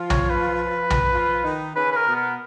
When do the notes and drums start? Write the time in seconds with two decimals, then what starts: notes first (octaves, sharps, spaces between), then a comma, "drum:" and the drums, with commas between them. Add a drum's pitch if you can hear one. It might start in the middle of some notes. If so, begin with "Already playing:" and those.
Already playing: F3 F4
0.10 C#5, drum: tom B1
0.30 B4
0.90 drum: tom B1
1.13 F3 F4
1.44 D#3 D#4
1.75 C#3 C#4 B4
1.92 B4
1.96 A#4
2.07 B2 B3
2.16 A#4